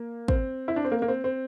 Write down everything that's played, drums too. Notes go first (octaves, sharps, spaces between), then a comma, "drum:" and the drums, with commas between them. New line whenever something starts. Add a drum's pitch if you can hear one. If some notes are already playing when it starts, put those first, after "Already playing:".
Already playing: A#3
C4, drum: kick
E4
D4
C4
A#3
A#3
C4
C4